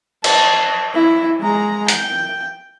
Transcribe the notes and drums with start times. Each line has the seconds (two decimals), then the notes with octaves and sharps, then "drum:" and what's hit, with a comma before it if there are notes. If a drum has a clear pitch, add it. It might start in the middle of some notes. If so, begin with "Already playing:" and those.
0.24 A5, drum: cymbal
0.94 E4
1.40 G#3 A#5
1.88 G5, drum: hi-hat